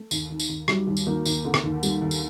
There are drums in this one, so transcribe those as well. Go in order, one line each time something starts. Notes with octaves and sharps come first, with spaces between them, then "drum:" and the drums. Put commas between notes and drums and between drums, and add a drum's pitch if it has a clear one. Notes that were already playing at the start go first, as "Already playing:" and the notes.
Already playing: A3
D#2, drum: tambourine
D#3
drum: tambourine
D#2
F#3 G3, drum: rim click
D#2 G3
drum: tambourine
D#3 A#3
D#2, drum: tambourine
D3
drum: rim click
D#2
G3, drum: tambourine
D#2
drum: tambourine